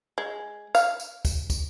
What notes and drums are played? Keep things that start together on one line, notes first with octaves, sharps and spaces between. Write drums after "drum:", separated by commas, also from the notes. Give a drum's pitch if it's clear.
G#3
F5, drum: tambourine
drum: tambourine
drum: kick, tambourine
drum: kick, tambourine